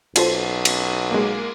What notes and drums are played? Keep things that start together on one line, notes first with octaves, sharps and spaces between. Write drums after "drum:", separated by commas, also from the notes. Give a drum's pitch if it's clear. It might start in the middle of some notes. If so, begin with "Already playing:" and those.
B1 F4 A4 C5, drum: cymbal
drum: cymbal
G#3 A#3